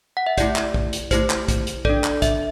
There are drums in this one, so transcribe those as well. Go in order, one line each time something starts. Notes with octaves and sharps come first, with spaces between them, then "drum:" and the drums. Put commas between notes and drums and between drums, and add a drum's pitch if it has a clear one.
F#5
E5
A3 E4 G4 D5, drum: kick A#1, hi-hat
drum: clap
drum: kick A#1
drum: hi-hat
A3 E4 G4 C5, drum: kick A#1, hi-hat
drum: clap
drum: kick A#1, hi-hat
drum: hi-hat
D4 A4 D5, drum: kick A#1
drum: clap
E5, drum: kick A#1, hi-hat